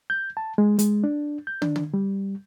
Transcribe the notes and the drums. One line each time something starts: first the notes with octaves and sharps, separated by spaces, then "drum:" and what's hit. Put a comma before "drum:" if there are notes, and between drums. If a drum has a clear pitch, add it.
G6
A5
G#3
G#3, drum: hi-hat
D4
G6
D4, drum: tom
drum: tom
G3